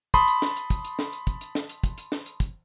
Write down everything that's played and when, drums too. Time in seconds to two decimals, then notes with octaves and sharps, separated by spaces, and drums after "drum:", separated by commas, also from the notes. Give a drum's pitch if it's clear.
0.14 A5 B5 C6 D#6, drum: kick, hi-hat
0.28 drum: hi-hat
0.42 drum: snare
0.56 drum: hi-hat
0.70 drum: kick, hi-hat
0.85 drum: hi-hat
0.99 drum: snare
1.13 drum: hi-hat
1.27 drum: kick, hi-hat
1.41 drum: hi-hat
1.55 drum: snare
1.69 drum: hi-hat
1.84 drum: kick, hi-hat
1.98 drum: hi-hat
2.12 drum: snare
2.26 drum: hi-hat
2.40 drum: kick, hi-hat